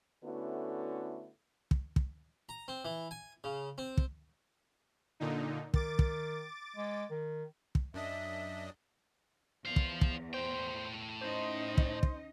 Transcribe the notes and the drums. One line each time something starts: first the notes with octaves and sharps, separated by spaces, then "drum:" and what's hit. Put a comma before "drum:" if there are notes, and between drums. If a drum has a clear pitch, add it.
D3 A3 B3 C#4 E4 F#4
drum: kick
drum: kick
A#5
C4
E3
G#5
C#3
C4
drum: kick
A#2 D3 D#4
D#3 D6 A6, drum: kick
drum: kick
G#3
D#3
drum: kick
F#2 D4 D#5 E5
E2 C5 F5
drum: kick
drum: kick
A2 C5 G5
C#4 D#4 C5 D#5
drum: kick
drum: kick